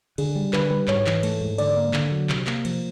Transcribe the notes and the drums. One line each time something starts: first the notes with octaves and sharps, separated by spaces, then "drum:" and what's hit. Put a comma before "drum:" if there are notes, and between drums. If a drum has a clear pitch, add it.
D3 G#4, drum: cymbal
G3
D3 B4, drum: clap
G3 B4
G#2 C#5, drum: clap
E3, drum: clap
A3, drum: cymbal
G#2
D3 D5, drum: cymbal
A#3
D3, drum: clap
F#3
C3, drum: clap
A#3, drum: clap
F3, drum: cymbal